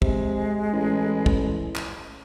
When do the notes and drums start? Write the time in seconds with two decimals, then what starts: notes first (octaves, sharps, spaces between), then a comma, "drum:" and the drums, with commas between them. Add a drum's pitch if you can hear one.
0.02 C3 G#3, drum: kick
0.73 A1
1.26 drum: kick
1.76 drum: clap